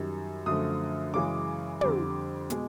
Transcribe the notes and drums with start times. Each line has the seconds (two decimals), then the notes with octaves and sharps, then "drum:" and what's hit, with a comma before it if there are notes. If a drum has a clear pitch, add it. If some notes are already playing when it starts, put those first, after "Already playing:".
Already playing: F#2 D#3 G3
0.46 F#2 D3 F3 A3 D#6
1.14 F#2 C#3 E3 G#3 D6
1.81 F2 D3 G3 D6, drum: tom
2.50 B2 G#3, drum: hi-hat